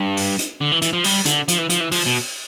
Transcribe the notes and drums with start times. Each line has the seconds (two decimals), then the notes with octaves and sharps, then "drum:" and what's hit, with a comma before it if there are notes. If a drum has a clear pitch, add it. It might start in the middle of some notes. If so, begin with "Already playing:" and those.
Already playing: G2
0.17 drum: open hi-hat
0.39 drum: hi-hat
0.61 D3
0.72 E3
0.82 E3, drum: hi-hat
0.93 F3
1.04 G3, drum: open hi-hat
1.25 D3, drum: hi-hat
1.48 F3, drum: hi-hat
1.58 E3
1.70 F3, drum: hi-hat
1.80 E3
1.92 F3, drum: open hi-hat
2.06 B2